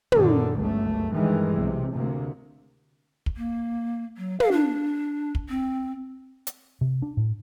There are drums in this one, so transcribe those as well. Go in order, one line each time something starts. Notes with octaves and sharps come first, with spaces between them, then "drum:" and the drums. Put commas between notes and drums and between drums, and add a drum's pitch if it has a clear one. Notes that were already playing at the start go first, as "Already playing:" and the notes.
F#2 A#2 D3 D#3, drum: tom
G1 C#2 F#2 A3
G2 D#3 E3 G3 G#3
B1 C3
D2 C3 A#3
drum: kick
A#3
F#3
F5, drum: tom
D4
drum: kick
C4
drum: hi-hat
C3
D4
A2